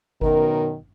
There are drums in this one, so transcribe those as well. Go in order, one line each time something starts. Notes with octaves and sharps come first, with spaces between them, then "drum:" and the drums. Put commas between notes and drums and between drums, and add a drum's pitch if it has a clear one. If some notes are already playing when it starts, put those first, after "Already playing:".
F#2 B2 D#3 A#4, drum: kick G1